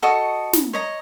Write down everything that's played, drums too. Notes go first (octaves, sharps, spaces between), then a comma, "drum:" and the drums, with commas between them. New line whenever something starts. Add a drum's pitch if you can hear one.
F#4 A4 D#5 C#6
drum: snare
C#5 D#5 A#5